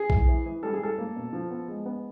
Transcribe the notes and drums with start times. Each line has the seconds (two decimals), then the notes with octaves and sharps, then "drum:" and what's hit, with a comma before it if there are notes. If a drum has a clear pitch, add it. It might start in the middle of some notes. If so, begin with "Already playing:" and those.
Already playing: G#4
0.10 E3, drum: kick A#1
0.28 E3
0.46 E3
0.63 G3 A4
0.73 G#4
0.80 G3 A4
0.98 A#3
1.16 B2
1.33 F3
1.51 B3
1.68 G#3
1.86 B3